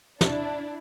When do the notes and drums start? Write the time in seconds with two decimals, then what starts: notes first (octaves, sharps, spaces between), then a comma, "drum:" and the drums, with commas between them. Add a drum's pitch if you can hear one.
0.21 D4 E4, drum: snare